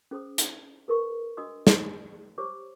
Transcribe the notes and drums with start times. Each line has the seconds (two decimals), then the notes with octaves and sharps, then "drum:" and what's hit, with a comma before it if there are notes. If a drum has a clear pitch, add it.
0.11 C#4 G#4 C5 D#6
0.38 drum: hi-hat
0.88 G#4 A#4 B4 C#6
1.37 D4 F#4 D#5 D#6 E6
1.67 drum: snare
2.38 G4 C5 C#5 C#6 D6 E6